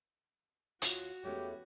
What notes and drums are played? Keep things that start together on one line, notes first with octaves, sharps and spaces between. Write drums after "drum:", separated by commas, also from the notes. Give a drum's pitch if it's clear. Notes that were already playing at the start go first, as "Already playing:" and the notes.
D#2 F4 F#4 C#5 F5, drum: hi-hat
E2 G#3 A3 B3 C#4 G4 C#5